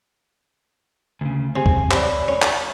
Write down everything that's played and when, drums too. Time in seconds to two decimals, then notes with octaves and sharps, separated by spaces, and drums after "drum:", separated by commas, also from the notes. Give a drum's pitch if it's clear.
1.21 D2 C#3
1.56 C3 C4 G#4
1.66 drum: kick
1.91 C3 C#5 D5 B5, drum: clap
2.28 C#4
2.42 drum: clap